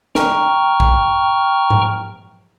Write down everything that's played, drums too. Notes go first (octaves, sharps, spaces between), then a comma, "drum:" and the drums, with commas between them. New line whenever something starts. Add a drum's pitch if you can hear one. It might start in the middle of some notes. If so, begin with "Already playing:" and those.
G5 A#5 C#6 F6, drum: snare
drum: kick
drum: tom G#2